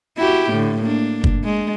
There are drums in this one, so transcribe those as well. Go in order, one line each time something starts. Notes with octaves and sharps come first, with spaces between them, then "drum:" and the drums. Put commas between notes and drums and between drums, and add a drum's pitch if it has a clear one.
E4 F#4 G4
A2 D3
A#3 D4
drum: kick
G#3